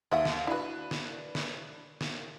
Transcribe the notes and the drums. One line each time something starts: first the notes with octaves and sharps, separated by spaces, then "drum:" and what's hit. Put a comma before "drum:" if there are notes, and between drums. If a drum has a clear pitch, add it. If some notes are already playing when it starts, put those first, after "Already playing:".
D#2 F#3 E5 F#5
drum: snare
D4 E4 F#4 B4
drum: snare
drum: snare
drum: snare